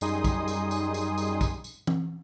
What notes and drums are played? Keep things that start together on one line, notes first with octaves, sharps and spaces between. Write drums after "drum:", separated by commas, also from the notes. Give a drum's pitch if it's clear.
F#2 G3 D#4 G#4 C6 D#6, drum: tambourine
drum: kick, tambourine
drum: tambourine
drum: tambourine
drum: tambourine
drum: tambourine
drum: kick, tambourine
drum: tambourine
drum: tom E3